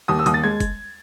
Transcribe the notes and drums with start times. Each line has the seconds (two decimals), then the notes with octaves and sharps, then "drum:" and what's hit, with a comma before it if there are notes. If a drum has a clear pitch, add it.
0.08 D#2 D#6
0.19 E6
0.26 D#2 D#6, drum: hi-hat
0.34 A6
0.43 G#3 G#6
0.60 drum: kick, hi-hat